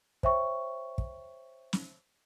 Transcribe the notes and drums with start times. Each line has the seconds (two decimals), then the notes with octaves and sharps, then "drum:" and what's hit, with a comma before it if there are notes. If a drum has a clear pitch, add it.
0.23 C5 C#5 E5 G5 C#6, drum: kick
0.98 drum: kick
1.73 drum: snare